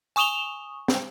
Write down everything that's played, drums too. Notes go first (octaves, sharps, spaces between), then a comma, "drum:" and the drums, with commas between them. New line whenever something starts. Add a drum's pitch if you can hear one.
G#5 C#6 D#6 E7 F7 G7
drum: snare